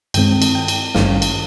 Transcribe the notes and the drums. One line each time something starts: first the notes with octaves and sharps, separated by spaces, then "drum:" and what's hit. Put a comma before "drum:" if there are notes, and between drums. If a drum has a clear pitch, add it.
G2 D#3 G#3 C4 G5, drum: cymbal
drum: cymbal
G5
drum: cymbal
G#1 G2 D#3 G3 C#4 F5, drum: snare
drum: cymbal